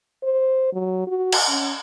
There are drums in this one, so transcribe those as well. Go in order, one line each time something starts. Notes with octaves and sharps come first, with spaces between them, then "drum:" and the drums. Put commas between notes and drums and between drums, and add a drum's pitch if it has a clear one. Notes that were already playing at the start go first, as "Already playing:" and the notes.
C5
F#3
F#4
drum: cymbal
C#4